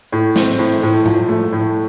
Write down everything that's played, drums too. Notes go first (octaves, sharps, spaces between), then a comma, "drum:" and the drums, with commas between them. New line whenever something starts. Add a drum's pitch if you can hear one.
A2
C4, drum: snare
A2
A2
F3, drum: tom G#2
A3
A2